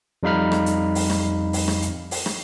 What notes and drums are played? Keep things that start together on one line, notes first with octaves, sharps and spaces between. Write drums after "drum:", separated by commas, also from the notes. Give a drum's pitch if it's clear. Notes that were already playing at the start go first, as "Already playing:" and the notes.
F2 G3 D#4 F5 B5 F6
drum: rim click
drum: hi-hat
drum: open hi-hat
drum: rim click
drum: open hi-hat
drum: rim click
drum: hi-hat
drum: open hi-hat
drum: rim click